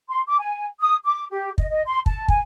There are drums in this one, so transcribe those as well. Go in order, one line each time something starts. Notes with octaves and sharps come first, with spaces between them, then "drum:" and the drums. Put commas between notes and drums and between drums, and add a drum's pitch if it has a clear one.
C6
D6
G#5
D#6
D6
G4
D#5, drum: kick
D#5
C6
A5, drum: kick
G#5, drum: kick